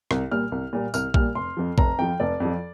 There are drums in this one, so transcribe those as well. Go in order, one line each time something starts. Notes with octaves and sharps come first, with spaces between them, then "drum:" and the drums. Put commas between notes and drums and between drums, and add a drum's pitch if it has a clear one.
C2, drum: rim click
A#2 G3 A#3 F6
C2
A#2 G3 A#3
C2 F6, drum: tambourine
A#2 G3 A#3 F6, drum: kick A#1
F1 C6
F2 F3
F1 A#5, drum: kick A#1
F2 F3 G5
F1 D5
F2 F3